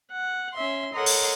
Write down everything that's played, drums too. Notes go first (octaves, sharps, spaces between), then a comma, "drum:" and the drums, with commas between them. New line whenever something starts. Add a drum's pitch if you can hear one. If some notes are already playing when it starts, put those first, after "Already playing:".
F#5
C#4 E5 C6
A4 A#4 C#5 D#5 F#5 C6
drum: open hi-hat